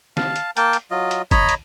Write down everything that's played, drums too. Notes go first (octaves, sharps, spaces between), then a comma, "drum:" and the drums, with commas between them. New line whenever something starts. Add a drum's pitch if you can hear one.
F5 A5, drum: snare
drum: hi-hat
A#3 A#4 G5 A5, drum: hi-hat
drum: hi-hat
F#3 F4 D#5
drum: hi-hat
C#5 D#5 A#5 B5, drum: kick, hi-hat
drum: hi-hat